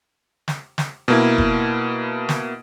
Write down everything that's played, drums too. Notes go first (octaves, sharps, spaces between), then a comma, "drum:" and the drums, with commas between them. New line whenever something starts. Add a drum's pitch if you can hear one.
drum: snare
drum: snare
B2 A#3 E4
drum: kick F1
drum: snare